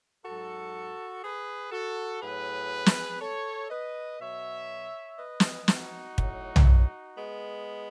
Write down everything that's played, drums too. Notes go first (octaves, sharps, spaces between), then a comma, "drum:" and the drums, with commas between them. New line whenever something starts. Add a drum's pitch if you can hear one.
G#2 F#3 F#4 A4
G#4 B4
F#4 A4
A2 F#3 G#4 B4
drum: snare
A4 C#5
B4 D#5
B2 F#3 C#5 E5
B4 D#5
drum: snare
D#4 F#4, drum: snare
A2 F#3, drum: kick
drum: tom B1
G#3 B3